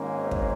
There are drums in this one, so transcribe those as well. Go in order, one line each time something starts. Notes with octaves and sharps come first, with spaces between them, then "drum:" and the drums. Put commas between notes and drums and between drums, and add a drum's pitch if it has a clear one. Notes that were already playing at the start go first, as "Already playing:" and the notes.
Already playing: G#1 G#2 D#3 A#3 C#4
drum: kick